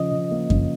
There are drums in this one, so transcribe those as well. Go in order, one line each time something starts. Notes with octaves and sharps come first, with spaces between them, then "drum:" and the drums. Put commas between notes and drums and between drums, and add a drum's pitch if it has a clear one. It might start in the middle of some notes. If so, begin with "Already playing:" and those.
Already playing: C#3 F3 D#5
C#3
A#3
C#3, drum: kick F#2